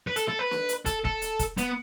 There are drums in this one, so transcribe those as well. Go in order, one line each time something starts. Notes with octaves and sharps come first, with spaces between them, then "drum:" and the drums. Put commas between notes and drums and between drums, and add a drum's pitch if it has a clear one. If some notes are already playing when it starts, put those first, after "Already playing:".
B4
A4, drum: hi-hat
A4
B4
drum: snare
drum: hi-hat
A4, drum: kick, hi-hat
A4, drum: kick
drum: hi-hat
drum: kick, hi-hat
B3, drum: hi-hat